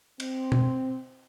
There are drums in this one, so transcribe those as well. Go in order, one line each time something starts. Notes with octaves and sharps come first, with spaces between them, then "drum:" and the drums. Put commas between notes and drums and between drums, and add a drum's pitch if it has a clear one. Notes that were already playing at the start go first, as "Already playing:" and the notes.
C4, drum: cymbal
drum: tom B2